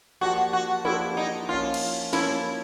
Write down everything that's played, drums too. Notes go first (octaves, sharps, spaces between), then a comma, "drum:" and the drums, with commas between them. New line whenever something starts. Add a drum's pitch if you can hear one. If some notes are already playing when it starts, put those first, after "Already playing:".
F3 A#3 D4 F#4 G4
F#4
F3 A#3 D4 E4 G4, drum: tom
D#4
F3 A#3 C#4 F4
drum: cymbal
F3 A#3 C#4 E4, drum: snare